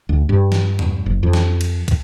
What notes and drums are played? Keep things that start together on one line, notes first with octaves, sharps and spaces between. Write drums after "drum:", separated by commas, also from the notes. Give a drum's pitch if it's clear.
D2
G2
drum: snare
drum: tom
F#1
F2
drum: snare
drum: cymbal
drum: kick, cymbal